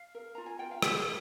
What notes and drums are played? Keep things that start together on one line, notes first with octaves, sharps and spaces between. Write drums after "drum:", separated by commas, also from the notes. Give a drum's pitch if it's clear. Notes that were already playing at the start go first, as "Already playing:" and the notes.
Already playing: F5
A#4
F4 A#5
G#5
F4 G5
F5
G#4 E5, drum: rim click